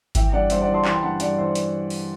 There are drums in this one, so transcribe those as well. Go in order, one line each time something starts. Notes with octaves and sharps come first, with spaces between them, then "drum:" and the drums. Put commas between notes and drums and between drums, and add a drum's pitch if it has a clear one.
E3 E5 G5, drum: kick G#1, hi-hat
G2 D5 F#5
G2 C5 E5, drum: hi-hat
D5 F#5
E3
A5 C6
E3 A5 C6, drum: clap
G5 B5
G2 F#5 A5
G2 D5 F#5, drum: hi-hat
E3 C5 E5
drum: hi-hat
drum: open hi-hat